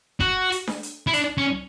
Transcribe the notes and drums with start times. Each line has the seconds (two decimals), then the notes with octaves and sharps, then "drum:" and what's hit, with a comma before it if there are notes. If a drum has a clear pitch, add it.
0.20 F#4, drum: kick
0.52 drum: hi-hat
0.67 drum: snare D4
0.83 drum: hi-hat
1.07 E4
1.13 D4, drum: hi-hat
1.38 C#4